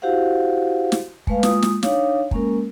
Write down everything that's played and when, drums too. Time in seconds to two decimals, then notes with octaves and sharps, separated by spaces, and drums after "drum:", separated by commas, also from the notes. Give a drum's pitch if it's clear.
0.02 E4 F#4 G4 C5 F5 F#5
0.92 drum: snare
1.27 G#3 A3 B4 F5, drum: kick
1.43 G#3 A#3 F4 D#6, drum: snare
1.62 drum: snare
1.83 D4 D#4 C#5 F5, drum: snare
2.31 G#3 A#3 C#4 A#4, drum: kick